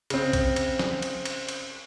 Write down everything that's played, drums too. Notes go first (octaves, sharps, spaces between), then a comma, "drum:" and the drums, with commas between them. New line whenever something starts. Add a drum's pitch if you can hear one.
C#3 C4, drum: cymbal
drum: kick, cymbal
drum: cymbal
drum: snare
drum: cymbal
drum: cymbal
drum: cymbal